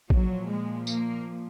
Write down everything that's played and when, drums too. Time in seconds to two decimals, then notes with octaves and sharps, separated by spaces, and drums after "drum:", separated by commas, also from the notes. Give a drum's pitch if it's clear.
0.10 A#2 F3 F#3, drum: kick
0.48 G#3
0.87 A#3, drum: tambourine